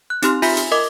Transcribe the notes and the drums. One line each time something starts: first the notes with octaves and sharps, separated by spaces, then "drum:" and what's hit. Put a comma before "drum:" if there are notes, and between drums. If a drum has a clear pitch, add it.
F#6
C4 D#4 G4 C6 F6, drum: hi-hat
F4 E5 G#5 B5 B6, drum: open hi-hat
drum: hi-hat
A#4 D#5 D6